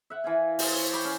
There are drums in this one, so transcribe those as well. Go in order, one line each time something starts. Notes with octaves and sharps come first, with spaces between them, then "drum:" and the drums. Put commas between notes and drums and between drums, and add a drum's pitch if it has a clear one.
E5 F#5
E3 F5 G#5
C5, drum: open hi-hat
C#5
G5 B5 C#6 D6
C#4